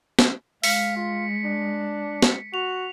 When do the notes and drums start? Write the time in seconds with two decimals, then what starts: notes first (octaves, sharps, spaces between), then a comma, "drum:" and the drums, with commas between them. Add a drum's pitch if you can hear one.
0.19 drum: snare
0.63 G#3 F5 B6 C#7, drum: open hi-hat
0.96 F4
1.45 D4
2.22 drum: snare
2.54 F#4 F7